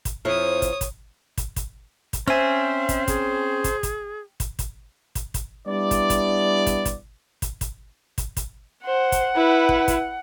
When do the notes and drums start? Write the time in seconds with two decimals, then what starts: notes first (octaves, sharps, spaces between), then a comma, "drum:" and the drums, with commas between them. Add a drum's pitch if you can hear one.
0.05 drum: kick, hi-hat
0.25 F2 F3 E4 C#5 D#6
0.62 drum: kick, hi-hat
0.81 drum: kick, hi-hat
1.38 drum: kick, hi-hat
1.56 drum: kick, hi-hat
2.13 drum: kick, hi-hat
2.28 C4 C#4 C5 E5 G#5
2.89 drum: kick, hi-hat
3.08 G#4, drum: kick, hi-hat
3.64 drum: kick, hi-hat
3.83 drum: kick, hi-hat
4.40 drum: kick, hi-hat
4.59 drum: kick, hi-hat
5.15 drum: kick, hi-hat
5.34 drum: kick, hi-hat
5.67 G3 B3 D4 E4 D5
5.91 drum: kick, hi-hat
6.10 drum: kick, hi-hat
6.67 drum: kick, hi-hat
6.85 drum: kick, hi-hat
7.42 drum: kick, hi-hat
7.61 drum: kick, hi-hat
8.18 drum: kick, hi-hat
8.37 drum: kick, hi-hat
8.85 C5 F#5
9.12 drum: kick, hi-hat
9.35 E4 B4
9.69 drum: kick
9.88 drum: kick, hi-hat